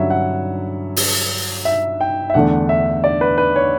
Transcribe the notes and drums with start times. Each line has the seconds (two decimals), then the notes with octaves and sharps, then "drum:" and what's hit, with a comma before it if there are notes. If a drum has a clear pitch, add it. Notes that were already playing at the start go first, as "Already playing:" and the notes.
Already playing: G2 D3 F#3 C#4 C#5 E5
0.10 F#5
0.96 drum: open hi-hat
1.65 E5
2.01 G5
2.30 E5
2.34 E2 D3 A3 D4 F#5
2.69 E5
3.04 D5
3.21 B4
3.38 B4
3.56 C#5